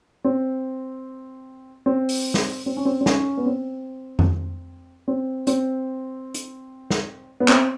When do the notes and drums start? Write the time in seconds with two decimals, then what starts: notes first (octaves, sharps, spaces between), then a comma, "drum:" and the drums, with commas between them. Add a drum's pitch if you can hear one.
0.24 C4
1.86 C4
2.09 drum: open hi-hat
2.34 drum: snare
2.66 C4
2.77 C#4
2.85 C4
3.01 C4
3.06 C#4, drum: snare
3.37 B3
3.46 C4
4.19 drum: tom F2
5.08 C4
5.47 C4, drum: hi-hat
6.34 drum: hi-hat
6.90 drum: snare
7.40 B3
7.48 C4, drum: clap